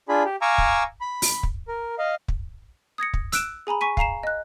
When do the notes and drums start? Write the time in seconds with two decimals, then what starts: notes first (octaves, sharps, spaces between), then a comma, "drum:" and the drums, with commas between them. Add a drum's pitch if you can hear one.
0.09 D4 F4 G#4 B5
0.25 G4
0.42 F5 G#5 A#5 C#6 D6 E6
0.58 drum: kick
1.01 B5
1.22 drum: open hi-hat
1.43 drum: kick
1.68 A#4
1.98 D#5 F5
2.28 drum: kick
2.98 D#6 G#6 A#6 C#7
3.14 drum: kick
3.32 E6 F#6 D7 E7, drum: hi-hat
3.67 G#4 G#5 A#5 B5
3.81 G#5 C#6 B6 D#7
3.97 F5 G#5 A#5 C7 E7, drum: kick
4.23 D#5 F#6